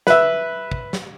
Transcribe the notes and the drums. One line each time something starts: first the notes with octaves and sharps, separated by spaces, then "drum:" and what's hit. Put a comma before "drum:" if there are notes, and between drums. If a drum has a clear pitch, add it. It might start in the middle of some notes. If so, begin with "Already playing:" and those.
B4 E5, drum: snare
drum: kick
drum: snare